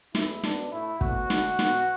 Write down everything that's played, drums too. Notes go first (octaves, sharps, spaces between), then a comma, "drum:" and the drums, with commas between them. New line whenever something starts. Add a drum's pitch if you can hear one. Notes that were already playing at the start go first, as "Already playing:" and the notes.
E2 E3 A3 E4, drum: snare
F#2 F#3 B3 D4, drum: snare
A2 A3 E4
D2 D3 B3 F#4, drum: kick
D2 D3 A3, drum: snare
B1 B2 B3, drum: snare